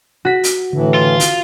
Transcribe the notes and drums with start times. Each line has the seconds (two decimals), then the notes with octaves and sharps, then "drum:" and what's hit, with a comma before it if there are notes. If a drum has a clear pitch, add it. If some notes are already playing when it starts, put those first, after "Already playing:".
0.25 F#4 B6
0.44 drum: hi-hat
0.73 A2 D3 E3
0.94 F4
1.20 drum: hi-hat